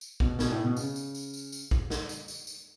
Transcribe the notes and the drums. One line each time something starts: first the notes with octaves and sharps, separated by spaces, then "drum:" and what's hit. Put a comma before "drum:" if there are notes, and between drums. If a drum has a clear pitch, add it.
drum: tambourine
B2, drum: kick
B2, drum: snare
A2
B2
C#3, drum: tambourine
drum: tambourine
drum: tambourine
drum: tambourine
drum: tambourine
drum: kick
drum: snare
drum: tambourine
drum: tambourine
drum: tambourine